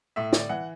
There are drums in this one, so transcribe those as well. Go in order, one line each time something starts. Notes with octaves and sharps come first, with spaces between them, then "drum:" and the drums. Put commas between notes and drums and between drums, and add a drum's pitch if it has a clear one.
A2 E5
D5, drum: snare
E3 F#5